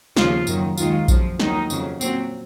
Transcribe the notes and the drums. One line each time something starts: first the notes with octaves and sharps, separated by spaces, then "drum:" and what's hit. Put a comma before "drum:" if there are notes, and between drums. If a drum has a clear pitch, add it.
D#2 C#3 F3 F4, drum: snare
F#2 D#3 F#3, drum: tambourine
D#2 D#3 G#3 F4, drum: tambourine
F#2 F3 G#3, drum: kick A#1, tambourine
D#2 D#3 F#3 D#4, drum: snare
F2 C#3 F#3, drum: tambourine
A#2 F#3 C4, drum: tambourine